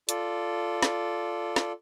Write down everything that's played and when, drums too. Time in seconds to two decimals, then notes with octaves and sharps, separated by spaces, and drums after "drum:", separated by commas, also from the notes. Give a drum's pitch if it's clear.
0.09 F4 A4 D5, drum: hi-hat
0.83 drum: snare
1.56 drum: snare